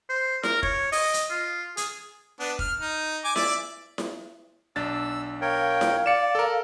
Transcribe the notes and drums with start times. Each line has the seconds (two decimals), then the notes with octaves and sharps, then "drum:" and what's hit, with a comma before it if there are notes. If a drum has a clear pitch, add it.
0.09 C5
0.43 A#4, drum: snare E4
0.63 C#5, drum: kick
0.92 D#5, drum: open hi-hat
1.14 drum: hi-hat
1.30 F4
1.77 G#4, drum: hi-hat
2.40 B3 D4
2.59 F6, drum: kick
2.81 D#4
3.24 G#5 D6
3.36 D5 E5 D6, drum: snare E4
3.98 drum: snare E4
4.76 B1 D4 E6 A6
5.41 A#4 C#5 F5 G5
5.81 drum: snare E4
6.06 D5 C#7 E7
6.35 A4 A#4